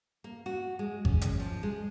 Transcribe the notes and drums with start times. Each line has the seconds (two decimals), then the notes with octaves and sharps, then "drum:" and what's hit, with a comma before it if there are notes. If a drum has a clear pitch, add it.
0.24 A#3
0.46 F#4
0.79 G#3
1.05 C#4, drum: kick G#1
1.21 drum: hi-hat
1.40 F3
1.63 G#3